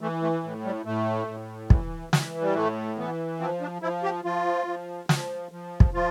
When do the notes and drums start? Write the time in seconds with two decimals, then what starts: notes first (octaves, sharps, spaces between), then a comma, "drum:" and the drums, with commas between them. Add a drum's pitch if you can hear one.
0.01 E3 A3
0.22 A3
0.44 A2
0.65 G3
0.85 A2 A3
1.28 A2
1.70 E3, drum: kick
2.13 E3, drum: snare
2.41 G3
2.55 A2 A3
2.98 E3 B3
3.40 F3 C4
3.61 D4
3.82 F3 E4
4.03 G4
4.24 F3 F4
4.67 F3
5.09 F3, drum: snare
5.52 F3
5.80 drum: kick
5.93 F3 F4